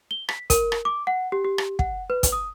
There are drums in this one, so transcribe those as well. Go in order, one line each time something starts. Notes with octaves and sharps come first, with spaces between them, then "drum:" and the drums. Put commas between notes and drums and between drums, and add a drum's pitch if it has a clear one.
G7
B6, drum: rim click
A#4, drum: kick, hi-hat
drum: rim click
D6
F#5
G4
G4
drum: rim click
F#5, drum: kick
B4
drum: kick, hi-hat
D#6